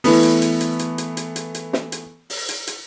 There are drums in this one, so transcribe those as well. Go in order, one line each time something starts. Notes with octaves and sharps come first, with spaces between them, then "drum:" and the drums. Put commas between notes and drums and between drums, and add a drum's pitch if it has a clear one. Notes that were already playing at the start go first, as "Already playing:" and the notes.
E3 A3 B3, drum: open hi-hat
drum: hi-hat
drum: hi-hat
drum: hi-hat
drum: hi-hat
drum: hi-hat
drum: hi-hat
drum: hi-hat
drum: hi-hat
drum: snare
drum: hi-hat
drum: open hi-hat
drum: hi-hat
drum: hi-hat